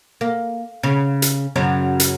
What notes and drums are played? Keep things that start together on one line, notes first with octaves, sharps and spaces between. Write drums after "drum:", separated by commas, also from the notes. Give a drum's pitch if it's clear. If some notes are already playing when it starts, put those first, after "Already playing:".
A#3
C#3
drum: hi-hat
F#2 C#3 F#3
drum: hi-hat